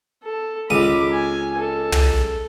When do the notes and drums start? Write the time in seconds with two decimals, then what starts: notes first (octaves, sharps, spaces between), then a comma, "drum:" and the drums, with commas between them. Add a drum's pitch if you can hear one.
0.24 A4
0.70 C#2 B5 D6 D#6
1.12 G#5
1.58 A4
1.92 drum: tom